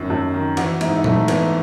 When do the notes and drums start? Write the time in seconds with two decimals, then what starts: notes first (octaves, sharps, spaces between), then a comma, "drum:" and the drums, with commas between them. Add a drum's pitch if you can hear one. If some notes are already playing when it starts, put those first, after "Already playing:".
Already playing: F#2 D#3
0.10 F#2
0.34 D#3
0.57 E3 F#4, drum: cymbal
0.81 G#2 E4, drum: cymbal
0.89 D#4
0.97 E4
1.04 G#2 A3, drum: tom
1.28 E3 B3, drum: cymbal